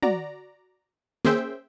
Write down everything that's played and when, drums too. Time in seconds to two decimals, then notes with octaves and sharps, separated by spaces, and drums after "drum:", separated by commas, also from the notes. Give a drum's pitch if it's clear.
0.02 F#4 D5 A#5, drum: tom
1.25 A#3 C#4 G#4 C5 E5 G5, drum: snare